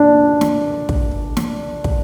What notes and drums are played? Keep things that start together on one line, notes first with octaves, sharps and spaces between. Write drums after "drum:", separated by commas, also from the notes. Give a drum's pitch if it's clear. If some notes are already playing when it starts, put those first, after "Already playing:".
Already playing: D4
drum: snare
drum: kick
drum: snare
drum: kick